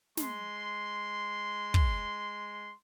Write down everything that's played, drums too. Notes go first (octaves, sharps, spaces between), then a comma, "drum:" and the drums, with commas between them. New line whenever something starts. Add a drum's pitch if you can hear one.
G#3 C6, drum: snare
drum: kick